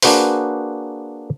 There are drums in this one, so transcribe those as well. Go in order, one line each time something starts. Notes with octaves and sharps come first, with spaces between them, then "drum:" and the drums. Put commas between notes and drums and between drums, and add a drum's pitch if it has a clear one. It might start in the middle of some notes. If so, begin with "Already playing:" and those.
A#3 D4 F#4 G#4 B4 C5, drum: open hi-hat